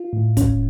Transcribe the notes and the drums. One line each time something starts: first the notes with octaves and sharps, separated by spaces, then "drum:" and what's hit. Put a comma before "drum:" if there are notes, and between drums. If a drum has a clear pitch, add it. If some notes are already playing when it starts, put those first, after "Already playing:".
Already playing: F4
A2
C#4, drum: kick, hi-hat